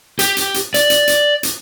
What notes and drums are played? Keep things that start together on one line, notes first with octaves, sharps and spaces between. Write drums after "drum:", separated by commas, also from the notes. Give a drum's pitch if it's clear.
G4, drum: hi-hat
drum: hi-hat
drum: hi-hat
D5, drum: hi-hat
drum: hi-hat
drum: hi-hat
drum: hi-hat